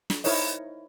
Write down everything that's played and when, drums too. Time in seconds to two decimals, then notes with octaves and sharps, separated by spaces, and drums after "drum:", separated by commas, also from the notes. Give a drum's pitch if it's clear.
0.10 drum: snare
0.24 D#4 E4 A#4 C5 C#5 D#5, drum: open hi-hat